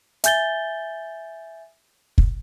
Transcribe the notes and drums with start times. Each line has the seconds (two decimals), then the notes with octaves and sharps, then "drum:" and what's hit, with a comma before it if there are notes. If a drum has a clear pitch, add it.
0.24 E5 G#5 G6 A6 G7, drum: hi-hat
2.18 drum: kick